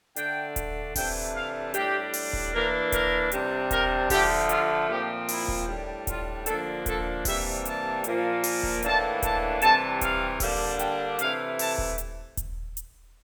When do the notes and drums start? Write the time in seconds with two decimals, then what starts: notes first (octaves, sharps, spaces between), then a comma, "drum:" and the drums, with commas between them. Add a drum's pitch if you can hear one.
0.16 D3 A3 D4 G5, drum: hi-hat
0.56 drum: kick D#1, hi-hat
0.96 C3 E3 A3 D4 G5, drum: kick D#1, open hi-hat
1.35 F5
1.74 A2 G3 D4 G4, drum: hi-hat
2.14 drum: open hi-hat
2.33 drum: kick D#1
2.53 E3 A#3 D4 A#4
2.92 A#4, drum: kick D#1, hi-hat
3.32 C3 G3 D4, drum: hi-hat
3.71 A#4, drum: kick D#1, hi-hat
4.10 D3 F3 A3 G4, drum: kick D#1, open hi-hat
4.49 F4, drum: hi-hat
4.89 A#2 F3 C4 G4
5.29 E4, drum: open hi-hat
5.48 drum: kick D#1
5.67 A2 G3 D4
6.07 F4, drum: kick D#1, hi-hat
6.46 D3 F3 A#3 D4 A4, drum: hi-hat
6.86 A4, drum: kick D#1, hi-hat
7.25 C3 E3 G3 A#3 D4 E5, drum: kick D#1, open hi-hat
7.65 A5, drum: hi-hat
8.04 A#2 F3 A#3, drum: hi-hat
8.44 drum: open hi-hat
8.63 drum: kick D#1
8.82 A2 E3 A#3 D4 A5, drum: hi-hat
9.22 A5, drum: kick D#1, hi-hat
9.62 C3 E3 G3 A5, drum: hi-hat
10.01 F5, drum: kick D#1, hi-hat
10.40 D3 G3 A#3 D4, drum: kick D#1, open hi-hat
10.79 G5, drum: hi-hat
11.19 C3 E3 A3 F5, drum: hi-hat
11.59 A5, drum: open hi-hat
11.78 drum: kick D#1
11.98 drum: hi-hat
12.37 drum: kick D#1, hi-hat
12.77 drum: hi-hat